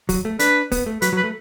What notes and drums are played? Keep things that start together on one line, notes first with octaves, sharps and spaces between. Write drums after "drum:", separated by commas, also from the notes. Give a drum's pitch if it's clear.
F#3, drum: kick, open hi-hat
A3
D4 B4, drum: hi-hat
B3, drum: kick, open hi-hat
A3
F#3 B4, drum: hi-hat
F#3
B4
A3